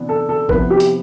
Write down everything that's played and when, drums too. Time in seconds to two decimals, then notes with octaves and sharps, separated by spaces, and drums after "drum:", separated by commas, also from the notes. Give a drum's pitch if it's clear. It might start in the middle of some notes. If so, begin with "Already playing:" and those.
Already playing: C3 E3 B3 D4
0.09 A4
0.29 A4
0.49 C3 F3 B3 E4 B4, drum: kick
0.70 G4
0.80 drum: hi-hat